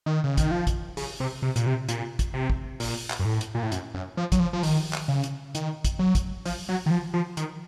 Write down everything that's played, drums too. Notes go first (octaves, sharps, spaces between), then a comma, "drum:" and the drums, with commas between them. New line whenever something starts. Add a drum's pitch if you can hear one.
D#3
C#3
D#3, drum: kick, hi-hat
F3
drum: kick, hi-hat
C#3, drum: open hi-hat
C3
C3
A#2, drum: hi-hat
C3
A#2, drum: hi-hat
drum: kick, hi-hat
C3
drum: kick
A#2, drum: open hi-hat
drum: clap
F#2
A2
drum: hi-hat
A#2
A2
F#2, drum: hi-hat
F#2
F3
F#3, drum: kick, hi-hat
F3
F3
D#3, drum: open hi-hat
drum: clap
C#3
drum: hi-hat
D#3, drum: hi-hat
drum: kick, hi-hat
F#3
drum: kick, hi-hat
F3, drum: open hi-hat
F#3
D#3
F3
F3
D#3, drum: hi-hat